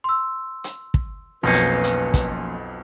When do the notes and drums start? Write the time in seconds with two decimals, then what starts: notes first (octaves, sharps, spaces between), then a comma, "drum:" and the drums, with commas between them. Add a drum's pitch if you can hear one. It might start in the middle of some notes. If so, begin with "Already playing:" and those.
0.04 C6 E6
0.64 drum: hi-hat
0.94 drum: kick
1.43 B1 F2 B2 F3 A#3 C#4 B4
1.54 drum: hi-hat
1.84 drum: hi-hat
2.14 drum: kick, hi-hat